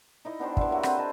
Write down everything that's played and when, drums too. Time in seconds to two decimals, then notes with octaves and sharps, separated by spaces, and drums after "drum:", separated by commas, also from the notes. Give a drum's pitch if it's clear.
0.25 D#4 E4 D#5
0.39 B3 D4 G4 C5
0.57 E3 D4 E5, drum: kick
0.70 F#3 A#3
0.83 C4 A4 B4 C5, drum: rim click
0.97 C5 D#5 A5